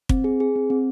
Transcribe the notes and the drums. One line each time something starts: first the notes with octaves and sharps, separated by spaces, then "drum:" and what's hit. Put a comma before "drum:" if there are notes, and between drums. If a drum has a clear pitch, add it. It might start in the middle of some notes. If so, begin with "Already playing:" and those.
C4, drum: kick
G#4
G#4
C4
C4